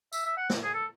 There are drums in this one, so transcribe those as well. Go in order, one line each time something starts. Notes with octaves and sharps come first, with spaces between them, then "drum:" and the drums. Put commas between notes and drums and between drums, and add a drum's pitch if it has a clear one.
E5, drum: tambourine
E5
F#5
drum: snare
G#4
A4